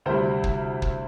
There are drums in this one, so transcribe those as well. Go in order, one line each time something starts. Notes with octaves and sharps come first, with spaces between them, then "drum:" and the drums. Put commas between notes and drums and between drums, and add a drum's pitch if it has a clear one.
D2 C3 G3 C5
drum: kick
drum: kick